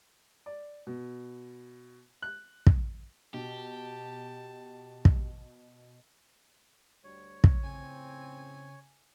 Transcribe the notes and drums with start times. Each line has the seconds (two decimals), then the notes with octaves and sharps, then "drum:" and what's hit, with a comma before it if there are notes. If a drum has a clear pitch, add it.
0.46 D5
0.87 B2
2.22 F#6
2.67 drum: kick
3.34 B2 G4 A5
5.05 drum: kick
7.04 D2 G3 C#5
7.44 drum: kick
7.63 F2 A2 C#3 C4 G#5